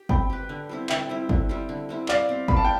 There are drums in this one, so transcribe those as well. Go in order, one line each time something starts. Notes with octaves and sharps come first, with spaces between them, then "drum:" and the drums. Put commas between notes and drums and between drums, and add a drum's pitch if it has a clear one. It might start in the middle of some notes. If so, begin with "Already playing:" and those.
Already playing: G4
C4 G5 B5, drum: kick
G4 B4
D3
G3 C4 E4
D3 E5 G5, drum: clap
G3 C4 E4
D3, drum: kick
G3 C4 E4
D3
G3 C4 E4
G3 D5 F5, drum: clap
C4 G4
G3 B5, drum: kick
A5
G5